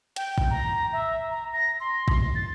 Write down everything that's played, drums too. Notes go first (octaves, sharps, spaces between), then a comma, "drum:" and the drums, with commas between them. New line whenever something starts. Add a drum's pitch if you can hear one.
G5, drum: hi-hat
drum: kick
A#5
E5
A#5
A#6
C6
drum: kick
A6